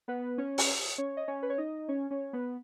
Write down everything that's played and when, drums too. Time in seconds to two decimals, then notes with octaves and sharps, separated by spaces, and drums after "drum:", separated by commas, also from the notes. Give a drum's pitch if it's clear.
0.08 B3 B4
0.38 C#4 C#5
0.58 drum: open hi-hat
0.98 C#4 C#5
1.17 D#5
1.28 C#4 C#5
1.43 B4
1.50 C#5
1.58 D#4 D#5
1.88 C#4 C#5
2.11 C#4 C#5
2.33 B3 B4